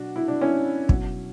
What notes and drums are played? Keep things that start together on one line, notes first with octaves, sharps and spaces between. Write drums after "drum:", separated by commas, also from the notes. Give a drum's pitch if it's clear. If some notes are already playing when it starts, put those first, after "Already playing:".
Already playing: B2 F#3 D4 F#4
E4
D4
C#4 E4
B2 F#3, drum: kick